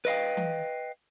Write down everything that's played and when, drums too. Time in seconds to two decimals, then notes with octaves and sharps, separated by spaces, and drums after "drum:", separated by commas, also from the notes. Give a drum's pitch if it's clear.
0.05 B4 D#5 F5 G5
0.37 drum: tom E3